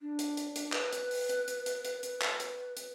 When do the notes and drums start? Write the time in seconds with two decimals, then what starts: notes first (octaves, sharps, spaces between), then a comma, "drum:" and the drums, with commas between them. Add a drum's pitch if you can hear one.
0.01 D4
0.19 drum: hi-hat
0.37 drum: hi-hat
0.56 drum: hi-hat
0.72 B4, drum: clap
0.93 drum: hi-hat
1.11 drum: open hi-hat
1.29 drum: hi-hat
1.48 drum: hi-hat
1.66 drum: hi-hat
1.85 drum: hi-hat
2.03 B4, drum: hi-hat
2.21 drum: clap
2.40 drum: hi-hat
2.77 drum: hi-hat